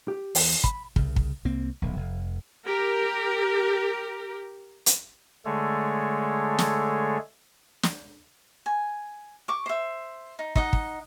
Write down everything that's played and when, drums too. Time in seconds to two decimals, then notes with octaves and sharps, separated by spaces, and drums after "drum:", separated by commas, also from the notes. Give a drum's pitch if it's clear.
0.08 G4
0.35 E2, drum: open hi-hat
0.64 B5, drum: kick
0.96 C2 C#3, drum: kick
1.16 drum: kick
1.45 C2 A#3 C4
1.82 D1 B1
1.96 F1
2.66 G4 A#4
4.86 drum: hi-hat
5.45 D3 G#3 A3 G#4 A4 C#5
6.59 drum: snare
7.83 drum: snare
8.66 G#5
9.48 C#6 D6
9.66 C5 E5
10.39 D#4
10.56 D#4 D#5 F#5, drum: kick
10.73 drum: kick